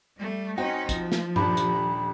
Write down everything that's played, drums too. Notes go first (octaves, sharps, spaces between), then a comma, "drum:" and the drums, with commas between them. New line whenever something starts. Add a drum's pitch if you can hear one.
G3 A3
C4 C#4 D#4 F#4 G5
F3, drum: kick, hi-hat
drum: snare
D#1 D4 G4 B5, drum: tom G2
drum: hi-hat